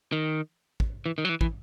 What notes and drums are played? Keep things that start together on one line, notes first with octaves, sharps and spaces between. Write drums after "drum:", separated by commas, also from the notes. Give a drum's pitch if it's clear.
D#3
drum: kick
E3
D#3
F#3
E3
E3, drum: kick